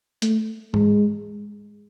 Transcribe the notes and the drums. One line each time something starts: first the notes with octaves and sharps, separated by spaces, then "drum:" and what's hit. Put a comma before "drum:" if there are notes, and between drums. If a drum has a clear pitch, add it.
A3, drum: hi-hat
G#3, drum: tom